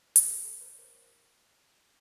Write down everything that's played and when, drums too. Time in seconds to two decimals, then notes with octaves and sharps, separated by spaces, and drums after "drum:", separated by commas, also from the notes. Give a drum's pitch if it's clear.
0.16 G#4, drum: hi-hat
0.26 G4 A4
0.44 G4 A4
0.61 A#4 C5
0.74 C#5
0.79 A#4 C5